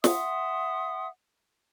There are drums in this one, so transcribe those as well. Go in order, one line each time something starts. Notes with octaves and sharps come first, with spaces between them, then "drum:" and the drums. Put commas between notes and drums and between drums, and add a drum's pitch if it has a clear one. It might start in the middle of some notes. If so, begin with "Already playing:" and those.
E5 F#5 C6 D#6, drum: snare